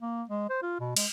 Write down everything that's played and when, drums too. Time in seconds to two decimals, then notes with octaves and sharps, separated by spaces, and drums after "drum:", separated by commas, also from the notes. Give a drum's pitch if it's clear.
0.01 A#3
0.30 G#3
0.50 C5
0.63 F4
0.80 B2
0.97 G#3, drum: cymbal